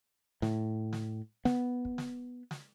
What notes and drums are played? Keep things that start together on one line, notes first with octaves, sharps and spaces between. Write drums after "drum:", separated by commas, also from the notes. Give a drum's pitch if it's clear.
A2, drum: snare
drum: snare
B3, drum: snare
drum: kick
drum: snare
drum: snare